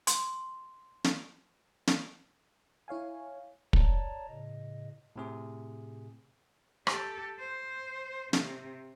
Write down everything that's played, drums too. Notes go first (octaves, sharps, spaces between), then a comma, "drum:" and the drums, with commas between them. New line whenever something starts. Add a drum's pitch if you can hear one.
C6 D6, drum: hi-hat
drum: snare
drum: snare
E4 C#5 F5 G#5
C#5 D5 A5 A#5, drum: kick
A2 C#3 D#5
A2 C3 G#4
G4 A4, drum: rim click
C5
C3, drum: snare